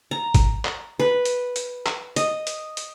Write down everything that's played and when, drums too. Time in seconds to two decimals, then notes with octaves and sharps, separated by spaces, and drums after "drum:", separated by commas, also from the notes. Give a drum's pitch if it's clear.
0.11 A#5
0.34 drum: kick, hi-hat
0.65 drum: clap
0.99 B4
1.25 drum: hi-hat
1.56 drum: hi-hat
1.86 drum: clap
2.16 D#5, drum: hi-hat
2.47 drum: hi-hat
2.77 drum: hi-hat